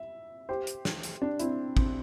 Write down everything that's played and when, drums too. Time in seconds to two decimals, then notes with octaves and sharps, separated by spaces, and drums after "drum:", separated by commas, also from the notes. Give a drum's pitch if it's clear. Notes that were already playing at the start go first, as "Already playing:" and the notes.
Already playing: E5
0.49 G4 C5
0.67 drum: hi-hat
0.85 drum: snare
1.03 drum: hi-hat
1.22 D4
1.39 C4 E4, drum: hi-hat
1.77 C4, drum: kick